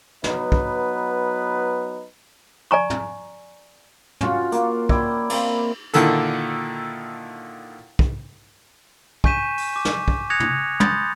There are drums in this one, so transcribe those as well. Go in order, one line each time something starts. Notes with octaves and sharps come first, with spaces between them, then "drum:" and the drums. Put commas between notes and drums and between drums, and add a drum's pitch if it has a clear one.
F#3 B3 D#4 B4, drum: snare
drum: kick
D5 G#5 A#5 C#6
drum: tom
C#4 F4 F#4, drum: tom
A#3, drum: hi-hat
E4 D5 G5, drum: kick
A#3 C4 B5, drum: cymbal
A#2 D3 D#3 E4 A4, drum: hi-hat
drum: kick
G#5 C#6 G6 B6 D#7 E7, drum: kick
drum: open hi-hat
D6
drum: snare
drum: kick
D#6 F#6 G#6 A#6 C#7 F7
drum: tom
B5 C6 D#6 G6 A6, drum: tom